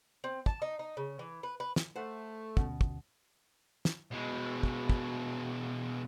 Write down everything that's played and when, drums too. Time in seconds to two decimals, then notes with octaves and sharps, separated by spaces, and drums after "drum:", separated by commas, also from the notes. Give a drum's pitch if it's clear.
0.24 C4
0.46 A5, drum: kick
0.62 D#4
0.79 D#4
0.97 C#3
1.19 E3
1.43 B4
1.60 B4
1.76 drum: snare
1.96 A3 C5 F#5
2.57 D2 B2 C#4, drum: kick
2.81 drum: kick
3.85 drum: snare
4.11 B2 G#3
4.63 drum: kick
4.89 drum: kick